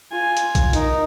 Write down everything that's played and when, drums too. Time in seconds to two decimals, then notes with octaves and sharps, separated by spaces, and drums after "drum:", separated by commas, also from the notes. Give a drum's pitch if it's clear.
0.11 F4 G#5
0.37 drum: hi-hat
0.55 drum: kick A#1, hi-hat
0.73 D#4 A#4, drum: hi-hat